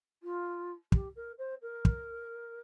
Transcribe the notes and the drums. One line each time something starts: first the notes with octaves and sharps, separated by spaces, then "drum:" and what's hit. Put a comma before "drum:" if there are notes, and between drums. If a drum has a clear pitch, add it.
F4
G4, drum: kick
A#4
C5
A#4
drum: kick